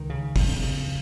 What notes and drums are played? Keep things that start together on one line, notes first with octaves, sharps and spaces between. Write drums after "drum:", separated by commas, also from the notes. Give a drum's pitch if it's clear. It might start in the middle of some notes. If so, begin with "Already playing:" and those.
Already playing: C#2 D#3
C#3
F2, drum: kick, open hi-hat
C#3